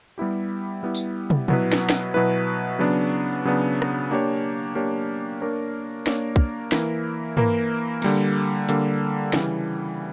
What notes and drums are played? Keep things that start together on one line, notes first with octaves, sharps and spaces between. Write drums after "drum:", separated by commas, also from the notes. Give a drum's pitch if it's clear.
G3 B3 E4 G4
G3 B3 E4 G4
drum: tambourine
drum: tom
B2 F#3 B3 E4 B4, drum: tom
drum: snare
drum: snare
B2 F#3 B3 E4 B4
C#3 F#3 B3 D4
C#3 F#3 B3 D4
drum: rim click
A#3 D4 G4 C#5
A#3 D4 G4 C#5
A#3 D4 A#4 C#5
A#3 D4 A#4 C#5, drum: snare
drum: kick
E3 A#3 E4 A#4, drum: snare
E3 A#3 E4 A#4, drum: tom
D3 G3 A#3, drum: cymbal
D3 G3 A#3, drum: hi-hat
C#3 E3 G3, drum: snare